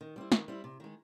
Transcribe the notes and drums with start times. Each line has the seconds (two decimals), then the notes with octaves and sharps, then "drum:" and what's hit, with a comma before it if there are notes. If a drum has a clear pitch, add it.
0.01 D#3
0.16 G3 C4 E4
0.32 D#3, drum: snare
0.48 G3 C4 E4
0.64 C3
0.80 D#3 G#3